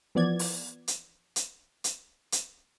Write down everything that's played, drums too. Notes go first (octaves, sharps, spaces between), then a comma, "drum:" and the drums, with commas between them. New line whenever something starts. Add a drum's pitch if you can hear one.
E3 F3 B3 D5 G#6
drum: open hi-hat
drum: hi-hat
drum: hi-hat
drum: hi-hat
drum: hi-hat